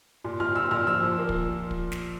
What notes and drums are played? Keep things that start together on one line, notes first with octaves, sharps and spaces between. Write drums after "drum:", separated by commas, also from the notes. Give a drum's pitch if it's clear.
A#2
A#2 F6
A#2 E6
A#2 F6
F3 E6
A#2
A#3
drum: kick
drum: kick
drum: snare